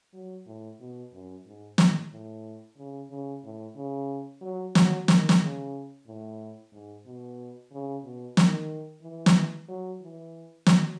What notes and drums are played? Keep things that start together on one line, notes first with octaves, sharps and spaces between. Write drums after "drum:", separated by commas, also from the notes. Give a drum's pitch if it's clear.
F#3
A2
B2
F#2
G#2
A2, drum: snare
A2
C#3
C#3
A2
C#3
F#3
F#3, drum: snare
D#3, drum: snare
drum: snare
C#3
A2
G#2
B2
C#3
B2
D#3, drum: snare
E3
drum: snare
F#3
E3
F#3, drum: snare